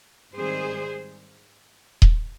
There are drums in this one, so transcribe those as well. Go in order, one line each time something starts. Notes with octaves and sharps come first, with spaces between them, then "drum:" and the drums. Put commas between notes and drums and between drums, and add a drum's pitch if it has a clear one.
G#2 D#3 G3 C4 G#4 C5
drum: kick D#1